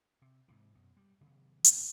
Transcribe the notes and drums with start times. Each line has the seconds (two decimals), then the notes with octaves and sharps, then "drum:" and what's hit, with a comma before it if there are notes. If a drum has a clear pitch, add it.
0.22 C3
0.48 G#2 C3 E3
0.75 F#2 B2
0.97 G3
1.21 C3 D#3 F#3 B3
1.64 G1 B3 C4, drum: hi-hat